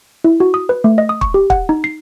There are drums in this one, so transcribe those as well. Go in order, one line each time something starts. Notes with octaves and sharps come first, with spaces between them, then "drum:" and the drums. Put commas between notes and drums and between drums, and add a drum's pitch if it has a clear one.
E4
F#4
D#6
B4
A3
D#5
D#6
C#6, drum: kick
G4
F#5, drum: kick
D#4
C7